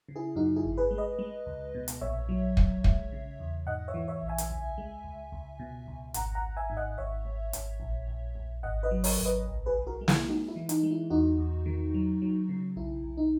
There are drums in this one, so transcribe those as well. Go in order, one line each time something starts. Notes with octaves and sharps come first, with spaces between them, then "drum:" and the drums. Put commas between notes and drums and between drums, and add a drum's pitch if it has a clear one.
C#3
E4 G#4
F#2 D#4 F#4
E4 G#4
G#1
G#4 B4
G#3
B4 D#5
G#3
C#2
B2
drum: hi-hat
A#1 C#5 E5
F#3
A#1, drum: kick
G#3, drum: kick
C#3
E2
G#2 D#5 F#5
C#5 E5
E3
C#5 E5
A#1
E5 G#5
drum: hi-hat
C#2
G#3
C#2
C#2
B2
C#2
G#1 F#5 A#5, drum: hi-hat
F#5 A#5
G#1
E5 G#5
G#2
D#5 F#5
G#1 C#5 E5
G#1
G#1, drum: hi-hat
A#1
A#1
A#1
G#1 D#5 F#5
B4 D#5
F#3
A#4 C#5, drum: open hi-hat
G#1
B4 D#5
B1
G#4 B4
B1
F#4 A#4
G#3
E4 G#4, drum: snare
G#3 D#4 F#4
E4
E3
D#4, drum: hi-hat
G#3
E4
E2 D#4 F#4
E2
D#3
F#3
F#3
C#3
B1 E4
B1
D#4